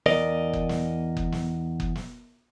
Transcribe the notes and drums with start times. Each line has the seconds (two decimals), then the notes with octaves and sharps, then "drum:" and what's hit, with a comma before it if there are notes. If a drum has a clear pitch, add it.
0.06 E2 A#4 D5 D#5, drum: snare
0.53 drum: kick F#1
0.69 drum: snare
1.17 drum: kick F#1
1.32 drum: snare
1.80 drum: kick F#1
1.95 drum: snare